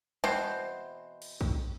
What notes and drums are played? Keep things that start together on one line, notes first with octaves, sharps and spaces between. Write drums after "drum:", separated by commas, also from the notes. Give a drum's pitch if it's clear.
B2 E3 C4 C5, drum: tom
drum: cymbal
drum: kick